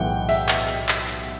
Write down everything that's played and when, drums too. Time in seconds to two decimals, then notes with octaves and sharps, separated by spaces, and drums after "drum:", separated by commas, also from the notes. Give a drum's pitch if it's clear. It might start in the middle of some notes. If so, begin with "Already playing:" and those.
Already playing: B1 A2 E3 F#5 G5
0.29 E5, drum: open hi-hat
0.49 drum: clap
0.69 drum: hi-hat
0.89 drum: clap
1.09 drum: hi-hat